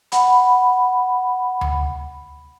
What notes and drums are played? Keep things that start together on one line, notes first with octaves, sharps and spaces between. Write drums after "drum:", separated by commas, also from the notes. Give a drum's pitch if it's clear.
F#5 B5, drum: hi-hat
drum: tom D2